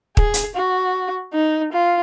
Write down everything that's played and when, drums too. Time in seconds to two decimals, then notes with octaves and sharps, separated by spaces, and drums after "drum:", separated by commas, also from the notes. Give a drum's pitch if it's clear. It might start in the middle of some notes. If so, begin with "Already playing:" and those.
0.17 G#4, drum: kick
0.34 drum: hi-hat
0.56 F#4
1.34 D#4
1.73 F4